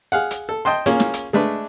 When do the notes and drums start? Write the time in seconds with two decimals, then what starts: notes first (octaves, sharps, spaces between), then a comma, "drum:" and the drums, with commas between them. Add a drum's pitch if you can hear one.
0.12 G#4 F5 F#5
0.31 drum: hi-hat
0.49 A4
0.65 D#5 G5 A5 C6
0.86 A#3 C#4 F4 G#4, drum: hi-hat
1.00 drum: snare
1.14 drum: hi-hat
1.33 G#3 A3 D4 B4